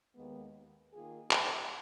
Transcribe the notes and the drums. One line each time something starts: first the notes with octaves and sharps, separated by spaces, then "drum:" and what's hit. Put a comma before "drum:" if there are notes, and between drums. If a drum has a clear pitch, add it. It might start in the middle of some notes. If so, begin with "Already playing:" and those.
D#2 D#3 G#3 B3
D#3 A#3 F4 G#4
drum: clap